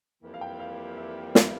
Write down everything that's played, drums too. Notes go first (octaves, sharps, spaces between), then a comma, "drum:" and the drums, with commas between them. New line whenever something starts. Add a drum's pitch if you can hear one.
F2 E3 G3 A#3
F5
G5
F5
E5
F5, drum: snare
E5